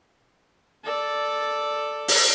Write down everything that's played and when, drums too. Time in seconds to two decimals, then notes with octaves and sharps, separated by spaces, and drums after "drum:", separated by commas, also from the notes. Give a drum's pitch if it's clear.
0.84 A4 D5
2.08 drum: open hi-hat